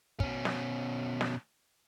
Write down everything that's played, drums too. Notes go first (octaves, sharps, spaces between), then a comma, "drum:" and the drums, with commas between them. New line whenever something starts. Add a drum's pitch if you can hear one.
B2 C#4, drum: kick
drum: snare
drum: snare